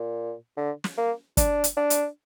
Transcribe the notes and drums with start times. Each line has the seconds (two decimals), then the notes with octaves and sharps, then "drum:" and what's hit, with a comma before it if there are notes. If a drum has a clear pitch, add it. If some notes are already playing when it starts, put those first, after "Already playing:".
Already playing: A#2
0.57 D3
0.84 drum: snare
0.98 A#3
1.37 D4, drum: kick, hi-hat
1.64 drum: hi-hat
1.77 D4
1.90 drum: hi-hat